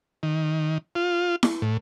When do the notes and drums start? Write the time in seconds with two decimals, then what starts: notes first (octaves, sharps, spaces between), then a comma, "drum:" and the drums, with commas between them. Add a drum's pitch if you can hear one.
0.23 D#3
0.95 F4
1.43 drum: snare E4
1.62 A2